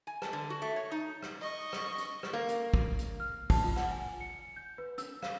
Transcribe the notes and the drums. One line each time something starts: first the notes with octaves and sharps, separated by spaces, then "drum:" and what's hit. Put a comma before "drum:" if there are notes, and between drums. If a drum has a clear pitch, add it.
G#5
A5, drum: rim click
D3
F#4
A3
C#5
D#4
drum: rim click
D#5 C#6
drum: rim click
drum: hi-hat
drum: rim click
A#3
drum: hi-hat
drum: kick
drum: hi-hat
F6
A5, drum: kick, open hi-hat
F4
F#5, drum: rim click
G#5
C#7
G6
B4
E6, drum: hi-hat
F5, drum: rim click